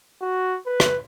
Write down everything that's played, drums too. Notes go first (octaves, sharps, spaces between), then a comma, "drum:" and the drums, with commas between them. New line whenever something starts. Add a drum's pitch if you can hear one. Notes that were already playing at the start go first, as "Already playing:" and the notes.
F#4
B4
drum: rim click